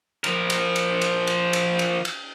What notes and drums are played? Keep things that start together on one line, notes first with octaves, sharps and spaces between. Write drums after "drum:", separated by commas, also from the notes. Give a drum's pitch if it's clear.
F3 A#4, drum: cymbal
drum: cymbal
drum: cymbal
drum: cymbal
drum: cymbal
drum: cymbal
drum: cymbal
drum: cymbal